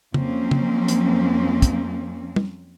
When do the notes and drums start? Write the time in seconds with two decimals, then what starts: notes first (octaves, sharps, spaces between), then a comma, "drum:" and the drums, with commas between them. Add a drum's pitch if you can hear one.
0.14 F2 F3 F#3 A#3 C4 C#4, drum: tom
0.51 drum: tom
0.88 drum: hi-hat
1.62 drum: kick, hi-hat
2.36 drum: tom